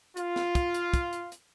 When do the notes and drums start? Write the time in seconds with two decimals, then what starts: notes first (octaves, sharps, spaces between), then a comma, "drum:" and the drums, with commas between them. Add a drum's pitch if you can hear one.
0.17 F4, drum: hi-hat
0.36 drum: snare
0.55 drum: kick, hi-hat
0.74 drum: hi-hat
0.94 drum: kick, hi-hat
1.13 drum: hi-hat
1.32 drum: hi-hat